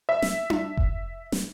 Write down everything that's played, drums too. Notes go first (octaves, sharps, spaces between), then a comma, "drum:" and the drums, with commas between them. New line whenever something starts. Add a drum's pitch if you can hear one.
E5
drum: snare
drum: tom D4
drum: kick F1
drum: snare